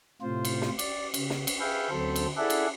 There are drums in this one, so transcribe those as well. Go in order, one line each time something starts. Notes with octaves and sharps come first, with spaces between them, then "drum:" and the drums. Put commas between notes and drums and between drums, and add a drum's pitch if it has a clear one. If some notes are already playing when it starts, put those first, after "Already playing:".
A2 C3 F4 C5
drum: cymbal
drum: snare
D5, drum: cymbal
C#3, drum: cymbal
drum: snare
drum: cymbal
G#4 B4 E5 F5 G5
D2 F#3 C4 A4 C5
drum: cymbal
E4 G#4 A4 D5 E5 F#5
drum: cymbal